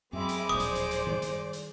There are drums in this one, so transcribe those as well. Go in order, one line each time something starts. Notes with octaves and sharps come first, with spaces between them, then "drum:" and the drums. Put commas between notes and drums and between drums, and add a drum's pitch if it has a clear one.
F#2 G#3 C4 E5 B5 D6
drum: hi-hat
D1 A#1 C5 D5 D#6
drum: hi-hat
drum: hi-hat
drum: hi-hat
D#3 G3, drum: tom
drum: hi-hat
drum: hi-hat